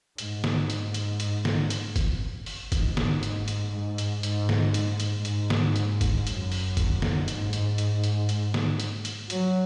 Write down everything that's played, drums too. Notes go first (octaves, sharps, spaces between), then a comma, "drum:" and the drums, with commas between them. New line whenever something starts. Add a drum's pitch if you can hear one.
G#2, drum: hi-hat
drum: snare
G#2, drum: hi-hat
drum: hi-hat
drum: hi-hat
drum: snare
drum: hi-hat
drum: kick F#1, hi-hat
drum: open hi-hat
G#2, drum: kick F#1, hi-hat
drum: snare
G#2, drum: hi-hat
drum: hi-hat
G#2
drum: hi-hat
G#2, drum: hi-hat
drum: snare
G#2, drum: hi-hat
drum: hi-hat
G#2, drum: hi-hat
drum: snare
drum: hi-hat
drum: kick F#1, hi-hat
F#2, drum: hi-hat
drum: open hi-hat
drum: kick F#1, hi-hat
drum: snare
G#2, drum: hi-hat
drum: hi-hat
drum: hi-hat
drum: hi-hat
drum: hi-hat
drum: snare
drum: hi-hat
drum: hi-hat
F#3, drum: hi-hat